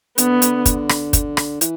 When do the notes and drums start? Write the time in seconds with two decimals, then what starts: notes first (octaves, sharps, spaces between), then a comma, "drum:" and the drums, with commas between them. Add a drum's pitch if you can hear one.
0.18 D3 B3, drum: hi-hat
0.42 drum: hi-hat
0.66 drum: kick, hi-hat
0.89 drum: rim click
1.13 drum: kick, hi-hat
1.37 drum: rim click
1.61 E3, drum: hi-hat